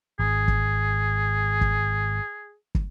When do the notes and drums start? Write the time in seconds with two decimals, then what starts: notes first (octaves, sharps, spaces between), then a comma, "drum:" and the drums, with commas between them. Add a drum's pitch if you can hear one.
0.19 G#1 G#4
0.48 drum: kick
1.61 drum: kick
2.75 drum: kick